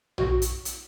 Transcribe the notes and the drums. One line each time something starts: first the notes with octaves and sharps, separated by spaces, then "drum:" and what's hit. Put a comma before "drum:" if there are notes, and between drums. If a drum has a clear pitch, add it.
F#4, drum: tom A#1
drum: hi-hat
drum: hi-hat